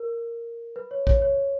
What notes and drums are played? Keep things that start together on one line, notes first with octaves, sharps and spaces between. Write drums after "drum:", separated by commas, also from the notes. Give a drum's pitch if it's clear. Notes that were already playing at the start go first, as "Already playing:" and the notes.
Already playing: A#4
B4
C#5
C#5, drum: kick
C#5